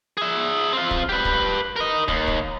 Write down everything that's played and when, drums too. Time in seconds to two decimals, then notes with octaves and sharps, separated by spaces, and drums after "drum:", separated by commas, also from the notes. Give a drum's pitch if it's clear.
0.17 G#4 E5
0.73 C4 F4
0.91 drum: kick
1.09 G4 B4
1.25 drum: kick
1.76 A#4 D#5
2.08 D#2, drum: kick
2.27 drum: kick